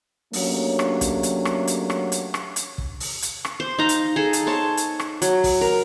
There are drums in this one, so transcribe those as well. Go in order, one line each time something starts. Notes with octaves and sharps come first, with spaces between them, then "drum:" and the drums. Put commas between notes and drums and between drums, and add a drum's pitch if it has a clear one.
F#3 A3 A#3 C#4 D4 G4, drum: open hi-hat
drum: rim click
drum: kick, hi-hat
drum: hi-hat
drum: rim click
drum: hi-hat
drum: rim click
drum: hi-hat
drum: rim click
drum: hi-hat
drum: kick
drum: open hi-hat
drum: hi-hat
drum: rim click
C5
D#4 F5 A#5
drum: hi-hat
G#4 A4
drum: hi-hat
C5 C#5 A5
drum: hi-hat
drum: rim click
F#3, drum: hi-hat
drum: kick, open hi-hat
A#4